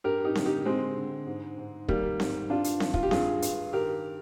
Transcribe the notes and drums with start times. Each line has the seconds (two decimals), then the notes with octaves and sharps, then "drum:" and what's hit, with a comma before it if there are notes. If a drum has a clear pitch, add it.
0.04 G2 G4 A#4
0.25 D#4 G4
0.35 D3, drum: snare C4
0.45 D#4 G4
0.65 D3 G#3 C4
0.97 D3
1.27 G#2
1.58 G#2
1.88 D#3 G3 A#3, drum: kick
2.20 G#2, drum: snare C4
2.50 G2 D4 F4
2.64 drum: hi-hat
2.80 D#3, drum: snare C4
2.94 F4, drum: kick
3.03 G4
3.11 G2 F4 G#4, drum: snare C4
3.42 G2, drum: hi-hat
3.73 D#3 G4 A#4